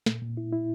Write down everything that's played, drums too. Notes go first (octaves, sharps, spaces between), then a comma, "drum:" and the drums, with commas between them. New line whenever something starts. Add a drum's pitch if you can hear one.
A#2, drum: snare
A#2
E4
E4